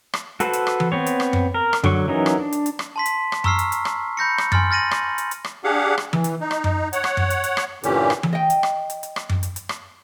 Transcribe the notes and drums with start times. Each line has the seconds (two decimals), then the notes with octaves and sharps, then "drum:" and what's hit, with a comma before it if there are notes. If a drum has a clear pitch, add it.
0.14 drum: rim click
0.40 F#4 A4 B4 C5, drum: hi-hat
0.53 drum: hi-hat
0.67 drum: rim click
0.80 drum: tom E3
0.92 B3 C4 C#5
1.06 drum: hi-hat
1.20 drum: rim click
1.33 drum: tom F#2
1.54 A#4
1.73 drum: rim click
1.84 D3 F#3 C#6, drum: tom F#2
2.08 E3 F#3 C#4 D#4 A#4
2.26 drum: rim click
2.39 D4
2.52 drum: hi-hat
2.66 drum: hi-hat
2.79 drum: rim click
2.96 A5 C6 B6
3.06 drum: hi-hat
3.32 drum: rim click
3.44 A#5 C#6 E6 F6 C7, drum: tom F#2
3.59 drum: hi-hat
3.72 drum: hi-hat
3.85 drum: rim click
4.17 B5 G6 A#6 C#7
4.38 drum: rim click
4.52 G#5 C6 F6 A6, drum: tom F#2
4.71 F6 A6 A#6 D#7 F#7
4.91 drum: rim click
5.18 drum: hi-hat
5.31 drum: hi-hat
5.44 drum: rim click
5.64 D4 G4 G#4 F5 F#5
5.98 drum: rim click
6.13 E3, drum: tom E3
6.24 drum: hi-hat
6.41 D#4
6.51 drum: rim click
6.64 drum: tom F#2
6.93 C#5 F#5, drum: hi-hat
7.04 drum: rim click
7.17 drum: tom F#2
7.30 drum: hi-hat
7.44 drum: hi-hat
7.57 drum: rim click
7.83 G2 A#2 D3 E3 C#4 G4, drum: hi-hat
8.10 drum: rim click
8.23 drum: tom E3
8.33 D#5 G5
8.50 drum: hi-hat
8.63 drum: rim click
8.90 drum: hi-hat
9.03 drum: hi-hat
9.16 drum: rim click
9.29 drum: tom F#2
9.43 drum: hi-hat
9.56 drum: hi-hat
9.69 drum: rim click